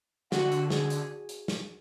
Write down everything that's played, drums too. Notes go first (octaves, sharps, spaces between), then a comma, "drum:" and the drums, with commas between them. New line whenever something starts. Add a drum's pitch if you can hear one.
D3 F#4, drum: snare
drum: hi-hat
G#4, drum: snare
drum: hi-hat
drum: hi-hat
drum: snare